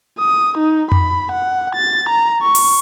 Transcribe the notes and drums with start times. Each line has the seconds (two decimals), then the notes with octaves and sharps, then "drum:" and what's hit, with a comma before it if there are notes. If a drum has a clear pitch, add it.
0.19 D#6
0.58 D#4
0.92 B5, drum: tom F2
1.32 F#5
1.76 A6
2.10 A#5
2.42 C#6
2.55 drum: open hi-hat